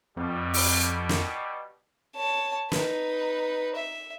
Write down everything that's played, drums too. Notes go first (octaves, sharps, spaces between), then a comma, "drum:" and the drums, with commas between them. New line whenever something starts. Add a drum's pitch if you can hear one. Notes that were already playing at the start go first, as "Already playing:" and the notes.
F2 B2 G3
drum: open hi-hat
drum: snare
C#5 A5
D#4 B4, drum: snare
E5